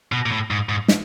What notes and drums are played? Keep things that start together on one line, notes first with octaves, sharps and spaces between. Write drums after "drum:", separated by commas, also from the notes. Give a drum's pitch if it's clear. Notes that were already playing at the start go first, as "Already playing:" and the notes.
B2
A#2
A2
G#2
G#2
drum: snare